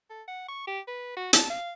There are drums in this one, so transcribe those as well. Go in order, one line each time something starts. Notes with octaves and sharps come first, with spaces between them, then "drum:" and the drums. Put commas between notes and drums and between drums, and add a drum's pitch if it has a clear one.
A4
F#5
C#6
G4
B4
F#4
A5, drum: hi-hat
F5